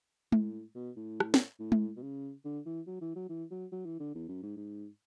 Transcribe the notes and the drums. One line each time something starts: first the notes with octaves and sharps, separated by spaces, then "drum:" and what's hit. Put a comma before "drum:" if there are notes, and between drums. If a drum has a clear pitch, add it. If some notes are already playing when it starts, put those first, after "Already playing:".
A2, drum: tom G#3
B2
A2
drum: rim click
drum: snare
A2
drum: tom G#3
B2
C#3
D3
E3
F#3
E3
F#3
E3
F#3
F#3
E3
D3
E2
F#2
G#2
G#2